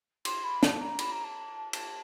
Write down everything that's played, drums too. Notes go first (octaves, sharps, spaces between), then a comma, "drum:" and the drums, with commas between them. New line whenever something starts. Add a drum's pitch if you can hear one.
C6, drum: cymbal
B5
A5, drum: snare
A#5
B5, drum: cymbal
A#5
A5
A5, drum: cymbal